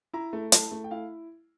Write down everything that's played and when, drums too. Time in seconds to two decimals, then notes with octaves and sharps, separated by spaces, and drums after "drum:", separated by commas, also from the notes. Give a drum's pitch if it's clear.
0.13 E4 A#5
0.33 A3
0.52 E4 A5, drum: hi-hat
0.72 A3
0.84 G5
0.91 E4 F5